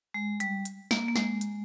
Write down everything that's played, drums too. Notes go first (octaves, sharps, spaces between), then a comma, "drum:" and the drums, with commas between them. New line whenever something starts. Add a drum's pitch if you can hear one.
G#3
G3, drum: hi-hat
drum: hi-hat
A#3, drum: snare
A#3
G#3, drum: snare
drum: hi-hat